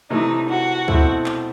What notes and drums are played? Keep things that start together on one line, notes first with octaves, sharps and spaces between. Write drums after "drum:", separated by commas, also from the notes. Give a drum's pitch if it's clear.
C3 E3 A3 D#4
F#4
B2 A3 C4 E4 A4, drum: kick C#2
drum: clap